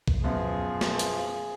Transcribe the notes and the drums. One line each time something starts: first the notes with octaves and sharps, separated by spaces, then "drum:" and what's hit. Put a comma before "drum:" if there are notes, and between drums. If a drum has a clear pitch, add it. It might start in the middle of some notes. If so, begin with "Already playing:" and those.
drum: kick A#1
F#2 B2 F3 G#4
drum: snare
drum: hi-hat